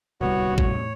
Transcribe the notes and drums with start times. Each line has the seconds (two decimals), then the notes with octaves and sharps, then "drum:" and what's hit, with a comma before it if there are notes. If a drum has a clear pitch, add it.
0.21 D1 C2 G3 B3 F#4 C#5
0.58 E2 A2 C#5, drum: kick